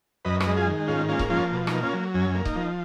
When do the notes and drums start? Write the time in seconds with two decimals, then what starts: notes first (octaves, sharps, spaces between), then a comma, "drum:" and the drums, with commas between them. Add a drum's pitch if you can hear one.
0.25 F#2 B4 D#5
0.40 B4 D#5, drum: rim click
0.46 G#3
0.57 F4 G#4
0.67 D#3
0.88 G#2 C#4 F4
1.09 A#3 C#4 F4
1.19 drum: kick C#1
1.30 F3 C#4 F4
1.51 B2
1.67 A#3 D#4, drum: rim click
1.83 C#4 F4
1.93 F#3
2.14 F#2 C#4
2.35 A#3
2.45 D#4, drum: kick C#1
2.56 F3